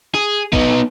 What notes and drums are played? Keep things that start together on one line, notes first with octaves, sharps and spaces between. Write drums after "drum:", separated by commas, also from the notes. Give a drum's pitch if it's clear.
G#4
B3 D#4, drum: kick